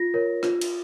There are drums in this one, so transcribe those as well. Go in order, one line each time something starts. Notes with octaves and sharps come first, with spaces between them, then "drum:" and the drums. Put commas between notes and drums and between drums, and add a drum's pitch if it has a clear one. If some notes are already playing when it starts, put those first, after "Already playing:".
Already playing: F4 A#6
A#4 C#5
F4, drum: rim click
drum: cymbal